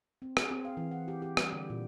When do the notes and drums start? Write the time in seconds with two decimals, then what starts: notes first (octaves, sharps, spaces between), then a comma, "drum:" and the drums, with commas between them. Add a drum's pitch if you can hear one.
0.22 C4
0.37 G#4, drum: rim click
0.51 C4
0.65 F5
0.77 E3
0.91 F#5
1.08 G4
1.22 G4
1.37 G3, drum: rim click
1.53 D3
1.70 A#2